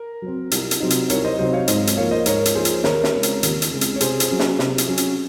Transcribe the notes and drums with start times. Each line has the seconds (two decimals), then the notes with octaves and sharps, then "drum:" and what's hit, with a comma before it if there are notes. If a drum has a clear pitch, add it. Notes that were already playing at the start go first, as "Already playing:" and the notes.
Already playing: A#4
0.22 F#3 C4
0.51 C2, drum: hi-hat
0.71 drum: hi-hat
0.80 C3 F#3 C4 D#4
0.90 drum: hi-hat
1.10 C2 A#4 C#5, drum: hi-hat
1.24 C5 D#5
1.38 C3 F#3 C4 D#4 C5 D#5
1.53 C#5 F5
1.68 G#2 C5 D#5, drum: hi-hat
1.87 drum: hi-hat
1.97 F3 A#3 C#5 F5
2.11 C5 D#5
2.26 G#2 A#4 C#5, drum: hi-hat
2.45 drum: hi-hat
2.55 F3 A#3 G#4 C5
2.65 drum: hi-hat
2.84 D#2 A#4 C#5, drum: snare
3.04 drum: snare
3.14 C#3 G#3 C4
3.23 drum: hi-hat
3.43 D#2, drum: hi-hat
3.62 drum: hi-hat
3.72 C#3 G#3 C4
3.81 drum: hi-hat
3.96 C#5
4.01 C3 G#4 C5, drum: hi-hat
4.20 drum: hi-hat
4.30 F#3 C#4
4.39 drum: snare
4.59 C3, drum: snare
4.78 drum: hi-hat
4.88 F#3 C#4
4.98 drum: hi-hat